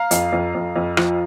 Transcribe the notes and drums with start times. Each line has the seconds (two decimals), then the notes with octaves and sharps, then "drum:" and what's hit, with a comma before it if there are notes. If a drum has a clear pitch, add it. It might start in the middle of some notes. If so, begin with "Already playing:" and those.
Already playing: F5 A#5
0.11 F2, drum: hi-hat
0.32 F2
0.55 F2
0.76 F2
0.97 F3, drum: rim click